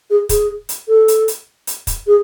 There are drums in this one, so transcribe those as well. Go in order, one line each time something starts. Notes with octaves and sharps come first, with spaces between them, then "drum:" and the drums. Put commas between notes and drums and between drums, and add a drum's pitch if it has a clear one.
G#4
G#4, drum: kick, hi-hat
drum: hi-hat
A4
drum: hi-hat
drum: hi-hat
drum: hi-hat
drum: kick, hi-hat
G#4